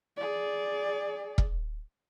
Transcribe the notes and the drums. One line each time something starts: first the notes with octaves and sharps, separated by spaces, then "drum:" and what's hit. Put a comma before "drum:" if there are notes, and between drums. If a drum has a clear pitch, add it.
G#4 D5
drum: kick E1